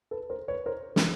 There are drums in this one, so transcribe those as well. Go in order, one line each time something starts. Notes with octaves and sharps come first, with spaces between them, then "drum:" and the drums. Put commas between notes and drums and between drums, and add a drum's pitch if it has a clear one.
A4 B4
A#4 C5
B4 C#5
A#4 C5
drum: snare